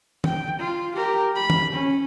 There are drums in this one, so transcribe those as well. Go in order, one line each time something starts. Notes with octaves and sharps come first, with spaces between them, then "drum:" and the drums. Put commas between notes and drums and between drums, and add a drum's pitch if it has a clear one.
G5, drum: tom
F4
G4 A#4
B5
drum: tom
C#4